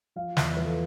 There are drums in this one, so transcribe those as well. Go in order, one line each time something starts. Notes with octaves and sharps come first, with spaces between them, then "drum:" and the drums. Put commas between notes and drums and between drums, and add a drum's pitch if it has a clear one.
F3 F5
E2 E5, drum: snare
F3 B4
A4